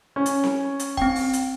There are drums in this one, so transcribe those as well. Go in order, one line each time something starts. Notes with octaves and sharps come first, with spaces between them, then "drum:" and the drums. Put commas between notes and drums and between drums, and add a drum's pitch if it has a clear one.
C#4
drum: hi-hat
drum: snare C4
drum: hi-hat
C4 G5, drum: kick
drum: open hi-hat
drum: hi-hat